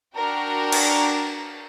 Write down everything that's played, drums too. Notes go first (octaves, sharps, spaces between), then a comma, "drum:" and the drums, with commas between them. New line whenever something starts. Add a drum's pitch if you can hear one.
D4 F#4 A#4 G5 A#5
drum: cymbal